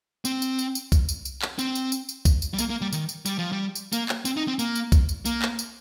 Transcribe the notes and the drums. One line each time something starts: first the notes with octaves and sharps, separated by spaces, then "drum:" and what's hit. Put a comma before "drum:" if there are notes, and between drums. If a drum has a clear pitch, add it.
C4, drum: tambourine
drum: tambourine
drum: tambourine
drum: tambourine
drum: kick B1, tambourine
drum: tambourine
drum: tambourine
drum: clap
C4, drum: tambourine
drum: tambourine
drum: tambourine
drum: tambourine
drum: kick B1, tambourine
drum: tambourine
G3
A#3, drum: tambourine
A#3
G3
D#3, drum: tambourine
drum: tambourine
G3, drum: tambourine
F3
G3
drum: tambourine
A#3, drum: tambourine
drum: clap
C4, drum: tambourine
D#4
C4
A#3, drum: tambourine
drum: tambourine
drum: kick B1, tambourine
drum: tambourine
A#3, drum: tambourine
drum: clap
drum: tambourine